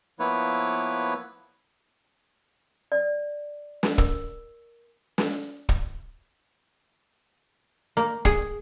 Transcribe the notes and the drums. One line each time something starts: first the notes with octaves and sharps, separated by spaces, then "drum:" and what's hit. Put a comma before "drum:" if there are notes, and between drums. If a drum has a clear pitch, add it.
F3 A#3 B3 E4 B4 C#5
D5
drum: snare
A#4, drum: kick
drum: snare
drum: kick
A#3
G#4, drum: kick